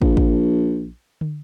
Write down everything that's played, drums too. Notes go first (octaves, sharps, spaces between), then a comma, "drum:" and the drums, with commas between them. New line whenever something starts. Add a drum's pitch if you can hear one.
A#1, drum: kick
drum: kick
drum: tom